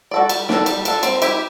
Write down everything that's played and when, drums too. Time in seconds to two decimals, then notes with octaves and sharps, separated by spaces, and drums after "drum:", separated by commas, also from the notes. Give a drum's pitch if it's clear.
0.11 F#4 A4 D5
0.29 G3, drum: cymbal
0.49 D4 A4, drum: snare
0.66 G3, drum: cymbal
0.85 D4 A4, drum: cymbal
1.03 C4, drum: cymbal
1.22 E4 G4, drum: cymbal